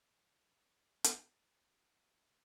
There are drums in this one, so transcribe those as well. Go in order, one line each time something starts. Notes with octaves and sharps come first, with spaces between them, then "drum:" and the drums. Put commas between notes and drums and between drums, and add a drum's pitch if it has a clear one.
C5 F5 F#5
drum: hi-hat